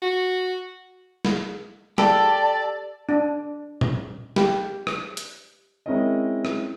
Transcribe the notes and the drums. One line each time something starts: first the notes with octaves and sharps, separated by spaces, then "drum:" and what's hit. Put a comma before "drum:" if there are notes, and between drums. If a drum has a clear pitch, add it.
F#4
drum: snare
G4 A4 D5 A5, drum: snare
D4
drum: tom A#2
G4, drum: snare
drum: rim click
drum: hi-hat
G#3 C4 C#4 E4 A#4 D#5
drum: rim click